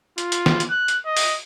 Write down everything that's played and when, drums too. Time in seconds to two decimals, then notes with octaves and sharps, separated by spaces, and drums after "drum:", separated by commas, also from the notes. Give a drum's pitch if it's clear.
0.18 F4, drum: hi-hat
0.32 drum: hi-hat
0.46 drum: snare
0.60 drum: hi-hat
0.71 F#6
0.88 drum: hi-hat
1.06 D#5
1.17 drum: open hi-hat